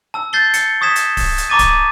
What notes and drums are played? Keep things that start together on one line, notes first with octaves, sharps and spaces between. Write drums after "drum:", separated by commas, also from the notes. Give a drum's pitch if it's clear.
A5 E6
G6 A6 C7 G7
C#7, drum: hi-hat
C#6 D#6 G#6 B6 E7
drum: hi-hat
drum: kick D1, open hi-hat
drum: hi-hat
A5 A#5 C#6 D6 A6 D#7
drum: kick D1, hi-hat